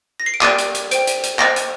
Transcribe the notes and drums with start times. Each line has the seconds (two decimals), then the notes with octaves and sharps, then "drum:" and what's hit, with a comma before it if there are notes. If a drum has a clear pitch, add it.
0.20 A#6
0.26 C7
0.34 D7
0.41 G4 A#4 D5 G5 D#7, drum: clap
0.58 drum: hi-hat
0.75 drum: hi-hat
0.91 C5 G5 D7, drum: hi-hat
1.07 drum: hi-hat
1.24 drum: hi-hat
1.39 C5 D#5 G5 A#6, drum: clap
1.56 drum: hi-hat